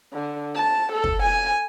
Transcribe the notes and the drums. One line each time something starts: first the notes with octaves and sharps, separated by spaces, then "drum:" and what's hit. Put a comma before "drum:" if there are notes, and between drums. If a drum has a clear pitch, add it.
D3
A5
A4
drum: kick
G#5